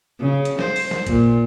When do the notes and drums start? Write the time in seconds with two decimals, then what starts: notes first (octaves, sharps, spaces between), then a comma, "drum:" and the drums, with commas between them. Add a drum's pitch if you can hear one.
0.20 C#3
0.45 drum: hi-hat
0.59 C5, drum: snare
0.76 drum: open hi-hat
0.91 drum: snare
1.06 A#2, drum: kick A1, hi-hat